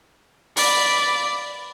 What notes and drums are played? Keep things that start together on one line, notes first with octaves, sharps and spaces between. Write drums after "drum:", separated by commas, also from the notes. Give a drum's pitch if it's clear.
D5 B5, drum: open hi-hat